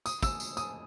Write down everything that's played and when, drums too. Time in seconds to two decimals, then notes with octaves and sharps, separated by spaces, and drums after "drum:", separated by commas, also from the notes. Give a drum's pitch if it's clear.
0.06 D#6, drum: tambourine
0.23 E6, drum: kick, tambourine
0.40 drum: tambourine
0.57 D#6, drum: tambourine